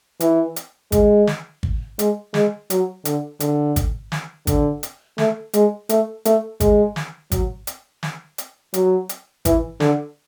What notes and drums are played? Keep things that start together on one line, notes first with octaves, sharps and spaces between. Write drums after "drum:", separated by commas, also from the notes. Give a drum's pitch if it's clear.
E3, drum: hi-hat
drum: hi-hat
G#3, drum: kick, hi-hat
drum: snare
drum: kick
G#3, drum: hi-hat
G#3, drum: snare
F#3, drum: hi-hat
D3, drum: hi-hat
D3, drum: hi-hat
drum: kick, hi-hat
drum: snare
D3, drum: kick, hi-hat
drum: hi-hat
A3, drum: snare
G#3, drum: hi-hat
A3, drum: hi-hat
A3, drum: hi-hat
G#3, drum: kick, hi-hat
drum: snare
F#3, drum: kick, hi-hat
drum: hi-hat
drum: snare
drum: hi-hat
F#3, drum: hi-hat
drum: hi-hat
E3, drum: kick, hi-hat
D3, drum: snare